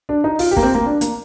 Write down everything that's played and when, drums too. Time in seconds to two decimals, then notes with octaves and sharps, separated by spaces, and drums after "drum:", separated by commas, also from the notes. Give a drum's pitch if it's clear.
0.09 D4
0.24 D#4
0.39 F4, drum: open hi-hat
0.51 G4
0.57 A#3, drum: kick
0.63 C4
0.74 A#3
0.86 D4
1.01 A#3, drum: hi-hat